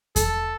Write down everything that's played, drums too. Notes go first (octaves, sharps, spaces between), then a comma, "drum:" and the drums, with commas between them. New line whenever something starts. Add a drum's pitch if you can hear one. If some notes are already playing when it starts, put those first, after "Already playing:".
A4, drum: kick E2, hi-hat